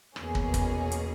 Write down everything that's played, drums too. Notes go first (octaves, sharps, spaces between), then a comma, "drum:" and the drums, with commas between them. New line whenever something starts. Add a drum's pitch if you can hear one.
E2 B2 A#3 C#4 G#4, drum: rim click
drum: kick
drum: kick, hi-hat
drum: hi-hat